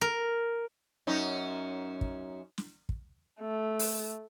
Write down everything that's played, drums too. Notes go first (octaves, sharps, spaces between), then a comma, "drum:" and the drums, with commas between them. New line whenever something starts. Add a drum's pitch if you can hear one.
A#4
F#2 C#4 D#4
drum: kick
drum: snare
drum: kick
A3
drum: open hi-hat